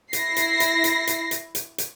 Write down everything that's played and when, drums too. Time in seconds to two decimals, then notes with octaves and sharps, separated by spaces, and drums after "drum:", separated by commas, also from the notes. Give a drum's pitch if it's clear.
0.13 E4 A#6 C7, drum: hi-hat
0.37 drum: hi-hat
0.60 drum: hi-hat
0.84 drum: hi-hat
1.07 drum: hi-hat
1.31 drum: hi-hat
1.55 drum: hi-hat
1.78 drum: hi-hat